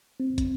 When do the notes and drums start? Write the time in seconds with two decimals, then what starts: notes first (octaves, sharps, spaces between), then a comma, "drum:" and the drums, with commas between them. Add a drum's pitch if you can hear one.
0.20 C4
0.38 drum: kick, hi-hat